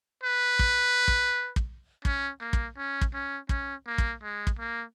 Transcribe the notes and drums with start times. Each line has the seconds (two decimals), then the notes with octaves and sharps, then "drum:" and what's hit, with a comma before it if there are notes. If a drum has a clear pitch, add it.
0.24 B4
0.59 drum: kick
1.08 drum: kick
1.56 drum: kick
2.05 C#4, drum: kick
2.41 A#3
2.53 drum: kick
2.77 C#4
3.01 drum: kick
3.14 C#4
3.49 C#4, drum: kick
3.87 A#3
3.98 drum: kick
4.23 G#3
4.47 drum: kick
4.59 A#3